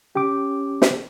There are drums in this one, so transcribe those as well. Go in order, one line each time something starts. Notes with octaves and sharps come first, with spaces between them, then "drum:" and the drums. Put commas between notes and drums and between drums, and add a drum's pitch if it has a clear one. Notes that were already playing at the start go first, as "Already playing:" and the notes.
C#4 G4 G5 D6
drum: snare